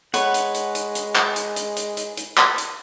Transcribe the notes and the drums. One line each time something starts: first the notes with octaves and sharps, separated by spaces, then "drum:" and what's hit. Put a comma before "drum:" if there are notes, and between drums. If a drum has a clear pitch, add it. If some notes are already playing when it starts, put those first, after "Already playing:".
G#3 B4 C#5 F#5, drum: hi-hat
drum: hi-hat
drum: hi-hat
drum: hi-hat
drum: hi-hat
drum: clap
drum: hi-hat
drum: hi-hat
drum: hi-hat
drum: hi-hat
drum: hi-hat
drum: clap
drum: hi-hat